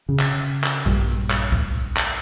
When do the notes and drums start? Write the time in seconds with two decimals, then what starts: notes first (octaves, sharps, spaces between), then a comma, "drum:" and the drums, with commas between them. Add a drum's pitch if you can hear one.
0.09 C#3
0.20 drum: clap
0.42 drum: tambourine
0.64 drum: clap
0.86 A#1 G2, drum: tambourine
1.08 drum: tambourine
1.30 drum: clap
1.52 drum: kick C#2
1.74 drum: tambourine
1.97 drum: clap